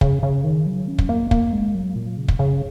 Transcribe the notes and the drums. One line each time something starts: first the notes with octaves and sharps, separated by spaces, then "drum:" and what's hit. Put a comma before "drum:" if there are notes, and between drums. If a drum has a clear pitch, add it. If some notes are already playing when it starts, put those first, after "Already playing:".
C#3, drum: kick
C#3
D#3
F#3
C#4
drum: kick
A#3
A#3, drum: kick
G#3
F#3
A#2
C#3
drum: kick
C#3